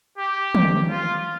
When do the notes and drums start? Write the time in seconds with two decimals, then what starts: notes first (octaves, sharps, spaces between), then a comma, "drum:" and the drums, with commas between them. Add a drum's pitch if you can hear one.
0.18 G4
0.55 drum: tom
0.89 F4